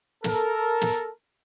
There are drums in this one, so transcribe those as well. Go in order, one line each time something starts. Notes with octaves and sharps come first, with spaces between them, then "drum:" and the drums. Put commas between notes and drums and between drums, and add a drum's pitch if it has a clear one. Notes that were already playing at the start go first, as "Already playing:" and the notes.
A4 A#4, drum: snare
drum: snare